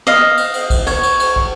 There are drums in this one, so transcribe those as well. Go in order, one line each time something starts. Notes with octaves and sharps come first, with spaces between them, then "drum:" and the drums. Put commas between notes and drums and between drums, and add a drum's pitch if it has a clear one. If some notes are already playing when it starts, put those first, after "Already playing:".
D#5 F5
drum: cymbal
drum: cymbal
drum: kick, cymbal
C#5, drum: cymbal
drum: cymbal
drum: cymbal
drum: kick